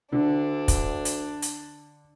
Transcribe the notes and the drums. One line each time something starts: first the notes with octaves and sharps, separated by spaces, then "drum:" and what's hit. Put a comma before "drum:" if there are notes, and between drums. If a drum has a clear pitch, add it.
D2 D3 D4
drum: kick, hi-hat
drum: hi-hat
drum: hi-hat